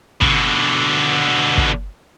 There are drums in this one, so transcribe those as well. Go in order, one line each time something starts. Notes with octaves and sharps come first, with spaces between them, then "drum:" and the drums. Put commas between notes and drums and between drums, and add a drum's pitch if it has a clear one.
B2 D3, drum: kick
drum: kick